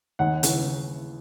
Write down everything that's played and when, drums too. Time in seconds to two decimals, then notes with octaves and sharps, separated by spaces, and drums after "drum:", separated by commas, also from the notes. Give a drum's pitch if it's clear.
0.19 D#2 F#5
0.43 C#3 E3, drum: hi-hat